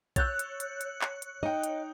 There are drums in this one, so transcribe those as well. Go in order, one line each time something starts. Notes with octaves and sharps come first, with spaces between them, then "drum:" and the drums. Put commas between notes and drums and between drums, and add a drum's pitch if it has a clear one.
C#5 E6 F#6 G6 A6, drum: kick B1, hi-hat
drum: hi-hat
drum: hi-hat
drum: hi-hat
drum: clap
drum: hi-hat
D#4 D#5 G5
drum: hi-hat